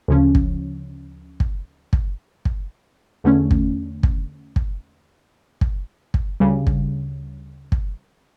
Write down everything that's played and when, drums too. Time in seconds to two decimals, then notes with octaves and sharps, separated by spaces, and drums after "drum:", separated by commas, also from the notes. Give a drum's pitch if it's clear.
0.08 D2 C#3 F3 C#4
0.35 drum: kick
1.40 drum: kick
1.93 drum: kick
2.45 drum: kick
3.24 E2 D3 A3 C#4
3.51 drum: kick
4.03 drum: kick
4.56 drum: kick
5.61 drum: kick
6.14 drum: kick
6.40 D2 C#3 G3
6.67 drum: kick
7.72 drum: kick